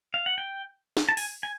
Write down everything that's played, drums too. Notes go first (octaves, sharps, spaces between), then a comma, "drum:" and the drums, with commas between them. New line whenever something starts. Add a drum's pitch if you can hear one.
F5
F#5
G5
drum: snare
A5
G#5, drum: open hi-hat
G#5